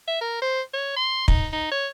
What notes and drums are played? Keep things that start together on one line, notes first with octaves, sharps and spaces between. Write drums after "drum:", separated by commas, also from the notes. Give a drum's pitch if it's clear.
E5
A#4
C5
C#5
C6
D#4, drum: kick
D#4
C#5